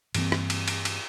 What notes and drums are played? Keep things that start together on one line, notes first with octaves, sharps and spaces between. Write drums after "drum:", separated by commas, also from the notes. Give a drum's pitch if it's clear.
G2 E3 A#3 C4, drum: cymbal
drum: rim click
drum: cymbal
drum: cymbal
drum: cymbal